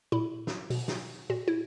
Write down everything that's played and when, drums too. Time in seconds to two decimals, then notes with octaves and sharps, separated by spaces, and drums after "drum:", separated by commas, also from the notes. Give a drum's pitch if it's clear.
0.12 A#2 E4
0.47 drum: snare
0.70 B2, drum: open hi-hat
0.88 drum: snare
1.30 A#2 F#4
1.48 E4